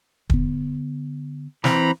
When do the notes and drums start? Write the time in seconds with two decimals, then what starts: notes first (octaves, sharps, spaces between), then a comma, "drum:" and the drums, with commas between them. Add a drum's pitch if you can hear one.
0.30 D3 B3, drum: kick
1.64 E3 C4 A#5 B5, drum: snare